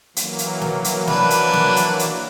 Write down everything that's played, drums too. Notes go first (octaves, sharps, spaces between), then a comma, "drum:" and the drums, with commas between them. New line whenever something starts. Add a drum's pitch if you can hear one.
E3 F#3 A#3, drum: hi-hat
drum: hi-hat
drum: snare
drum: hi-hat
D4 B4, drum: snare
drum: hi-hat
drum: snare
drum: hi-hat
drum: hi-hat